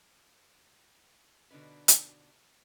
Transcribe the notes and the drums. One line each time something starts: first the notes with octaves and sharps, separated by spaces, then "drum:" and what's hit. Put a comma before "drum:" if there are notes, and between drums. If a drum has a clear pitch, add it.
B2 D3 D4 D#4 B4
drum: hi-hat